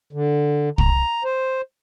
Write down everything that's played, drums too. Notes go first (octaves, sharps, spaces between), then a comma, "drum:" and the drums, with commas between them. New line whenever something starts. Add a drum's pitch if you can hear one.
D3
A#5, drum: kick
C5